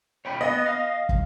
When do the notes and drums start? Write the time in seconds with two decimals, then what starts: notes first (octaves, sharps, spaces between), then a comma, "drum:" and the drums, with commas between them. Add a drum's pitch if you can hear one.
0.25 C#5 G5 B5
0.41 B3 D#5 B5
0.66 F5
1.09 drum: kick